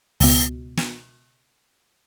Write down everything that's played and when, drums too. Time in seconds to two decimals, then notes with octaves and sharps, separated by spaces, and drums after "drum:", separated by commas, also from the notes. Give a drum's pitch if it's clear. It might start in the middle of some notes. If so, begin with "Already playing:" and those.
0.20 C#2 B2, drum: open hi-hat
0.77 drum: snare